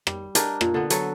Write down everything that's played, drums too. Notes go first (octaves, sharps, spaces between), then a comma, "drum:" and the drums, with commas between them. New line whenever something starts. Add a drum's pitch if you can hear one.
G3, drum: rim click
D4 G4 A#4 D#5, drum: hi-hat
A#2, drum: rim click
D3 B3
F#3 A4 B4, drum: hi-hat